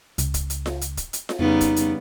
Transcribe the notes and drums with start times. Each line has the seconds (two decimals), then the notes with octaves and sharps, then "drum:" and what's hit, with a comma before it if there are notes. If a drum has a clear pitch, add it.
0.18 C#2, drum: hi-hat
0.34 drum: kick D#1, hi-hat
0.50 drum: hi-hat
0.66 drum: snare F4
0.81 drum: hi-hat
0.97 drum: kick D#1, hi-hat
1.13 drum: hi-hat
1.29 drum: snare F4
1.39 F2 C#3 G3 B3 D#4
1.61 drum: kick D#1, hi-hat
1.76 drum: hi-hat